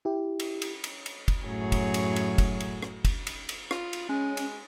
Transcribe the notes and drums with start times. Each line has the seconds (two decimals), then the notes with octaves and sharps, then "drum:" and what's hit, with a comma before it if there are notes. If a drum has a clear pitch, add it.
0.05 E4 G4
0.40 drum: cymbal
0.62 drum: cymbal
0.84 drum: cymbal
1.06 drum: cymbal
1.28 drum: kick, cymbal
1.46 F#2 A2 F#3 G#4 C#5
1.72 drum: kick, cymbal
1.94 drum: cymbal
2.16 drum: cymbal
2.38 drum: kick, cymbal
2.60 drum: cymbal
2.82 drum: rim click
3.05 drum: kick, cymbal
3.27 drum: cymbal
3.49 drum: cymbal
3.71 F4, drum: rim click
3.93 drum: cymbal
4.09 G#3 C#4
4.37 drum: cymbal